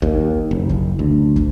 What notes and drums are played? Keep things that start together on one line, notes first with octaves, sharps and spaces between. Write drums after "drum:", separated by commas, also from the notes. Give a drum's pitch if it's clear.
D#2, drum: kick
F#1
drum: kick
D2
drum: kick